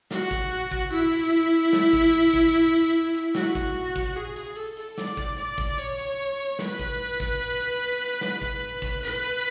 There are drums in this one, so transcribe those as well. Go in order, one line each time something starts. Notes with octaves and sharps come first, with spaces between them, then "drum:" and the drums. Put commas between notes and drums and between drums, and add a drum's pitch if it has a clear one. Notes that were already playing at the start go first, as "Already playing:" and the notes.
F#4, drum: snare
drum: kick, hi-hat
drum: kick, hi-hat
E4
drum: hi-hat
drum: snare
drum: kick, hi-hat
drum: kick, hi-hat
drum: hi-hat
F#4, drum: snare
drum: kick, hi-hat
drum: kick, hi-hat
G#4
drum: hi-hat
A4
drum: hi-hat
D5, drum: snare
drum: kick, hi-hat
D5
drum: kick, hi-hat
C#5
drum: hi-hat
B4, drum: snare
drum: kick, hi-hat
drum: kick, hi-hat
drum: hi-hat
drum: hi-hat
drum: snare
drum: kick, hi-hat
drum: kick, hi-hat
B4
drum: hi-hat